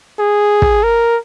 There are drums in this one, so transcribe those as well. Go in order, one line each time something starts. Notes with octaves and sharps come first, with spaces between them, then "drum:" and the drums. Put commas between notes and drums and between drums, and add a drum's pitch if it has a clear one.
G#4
drum: kick
A#4